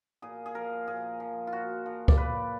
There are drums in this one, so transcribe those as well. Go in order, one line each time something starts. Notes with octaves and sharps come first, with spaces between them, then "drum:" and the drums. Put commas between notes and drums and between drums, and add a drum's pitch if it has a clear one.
A#2 G#4
G#4
F3 A#4
A#2 G#4
F3
F4
A#2 F#4
F3
D5, drum: kick C#2
A#2 B4